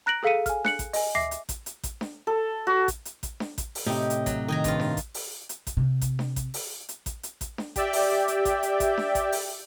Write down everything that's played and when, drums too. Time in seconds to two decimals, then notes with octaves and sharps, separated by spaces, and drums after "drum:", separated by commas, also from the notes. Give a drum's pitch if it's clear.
0.06 A#5 F#6 A#6 D7 F#7
0.23 G#4 A4 F5 B6 C#7 D#7
0.46 G#5 F6, drum: kick A1, hi-hat
0.65 F#6 C#7 F#7, drum: snare D4
0.79 drum: kick A1, hi-hat
0.93 D#5 G#5, drum: open hi-hat
1.15 E5 D6 A#6 C7, drum: tom D2
1.31 drum: hi-hat
1.49 drum: kick A1, hi-hat
1.66 drum: hi-hat
1.83 drum: kick A1, hi-hat
2.01 drum: snare D4
2.27 A4
2.67 F#4
2.88 drum: kick A1, hi-hat
3.05 drum: hi-hat
3.23 drum: kick A1, hi-hat
3.40 drum: snare D4
3.58 drum: kick A1, hi-hat
3.75 drum: open hi-hat
3.86 A2 C3 D#4 G4
4.10 drum: hi-hat
4.26 F#3, drum: kick A1, hi-hat
4.48 D#3 D#5 G#5 A#5
4.64 G2 F4, drum: kick A1, hi-hat
4.80 drum: snare D4
4.97 drum: kick A1, hi-hat
5.14 drum: open hi-hat
5.49 drum: hi-hat
5.67 drum: kick A1, hi-hat
5.77 C3
6.01 drum: kick A1, hi-hat
6.19 drum: snare D4
6.36 drum: kick A1, hi-hat
6.54 drum: open hi-hat
6.89 drum: hi-hat
7.06 drum: kick A1, hi-hat
7.23 drum: hi-hat
7.41 drum: kick A1, hi-hat
7.58 drum: snare D4
7.76 G4 D5 E5 G5, drum: kick A1, hi-hat
7.93 drum: open hi-hat
8.28 drum: hi-hat
8.45 drum: kick A1, hi-hat
8.63 drum: hi-hat
8.80 drum: kick A1, hi-hat
8.98 drum: snare D4
9.15 drum: kick A1, hi-hat
9.32 drum: open hi-hat